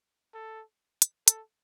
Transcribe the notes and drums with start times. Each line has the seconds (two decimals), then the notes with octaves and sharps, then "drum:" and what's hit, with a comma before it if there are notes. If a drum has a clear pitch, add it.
0.34 A4
1.02 drum: hi-hat
1.28 A4, drum: hi-hat